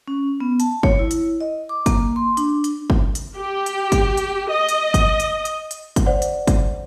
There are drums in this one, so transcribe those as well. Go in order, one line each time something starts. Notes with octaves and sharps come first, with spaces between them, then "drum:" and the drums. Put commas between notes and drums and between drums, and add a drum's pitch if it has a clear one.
C#4
B3
A5, drum: hi-hat
C#5, drum: kick
E4
drum: hi-hat
D#5
D6
A#3, drum: kick, hi-hat
C6
D4, drum: hi-hat
drum: hi-hat
drum: kick
drum: hi-hat
G4
drum: hi-hat
drum: kick, hi-hat
drum: hi-hat
D#5
drum: hi-hat
drum: kick, hi-hat
drum: hi-hat
drum: hi-hat
drum: hi-hat
drum: kick, hi-hat
C5 D5 F#5
drum: hi-hat
drum: kick, hi-hat